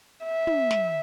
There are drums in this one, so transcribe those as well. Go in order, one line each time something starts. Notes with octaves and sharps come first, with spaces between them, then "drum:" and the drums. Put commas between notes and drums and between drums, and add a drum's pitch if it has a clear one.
E5
drum: tom
drum: snare